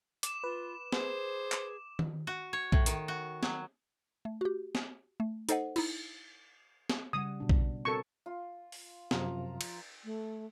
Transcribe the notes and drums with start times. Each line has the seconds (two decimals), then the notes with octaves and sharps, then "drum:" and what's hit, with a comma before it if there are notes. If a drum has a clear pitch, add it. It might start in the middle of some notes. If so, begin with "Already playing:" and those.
0.23 D6 E7, drum: hi-hat
0.44 F4 B4
0.93 G#4 C5, drum: snare
1.52 drum: clap
1.99 drum: tom D#3
2.27 F#4
2.53 C#5
2.72 A2, drum: kick A#1
2.86 D#3, drum: hi-hat
3.08 F#4
3.43 F#3, drum: snare
4.25 A3
4.41 F#4 G4
4.75 drum: snare
5.20 A3
5.49 D#4 A4 C5 D#5 F#5, drum: hi-hat
5.76 D#4 E4, drum: cymbal
6.90 drum: snare
7.13 C#3 G3 F#5 D#6
7.40 B2 D4
7.49 drum: kick A#1
7.85 C4 F#4 A4 A#4 C#6
8.26 F4
8.72 drum: open hi-hat
9.11 F#2 C3 F3 A#5, drum: snare
9.61 drum: cymbal
10.04 A3